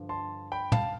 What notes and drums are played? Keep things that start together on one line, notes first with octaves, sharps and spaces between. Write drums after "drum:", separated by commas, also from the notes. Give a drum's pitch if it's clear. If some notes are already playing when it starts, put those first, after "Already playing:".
Already playing: G2 D3 F3
A5 C6
G5 B5
F5 A5, drum: tom